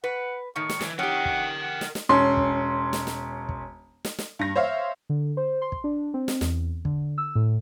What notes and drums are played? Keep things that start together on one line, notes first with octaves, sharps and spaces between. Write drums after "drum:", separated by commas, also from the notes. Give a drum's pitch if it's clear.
B4 F#5
A2 D#3 C#6
drum: snare
E3, drum: snare
C#4 G4 A#4 F#5 G5
drum: kick
F#5
drum: snare
drum: snare
E1 C#4 C6
drum: kick
drum: snare
drum: snare
drum: kick
drum: snare
drum: snare
G2 A#6
C5 C#5 E5 F5
D3
C5
C6
drum: kick
D4
C4
drum: snare
E2, drum: snare
D3, drum: kick
E6
A2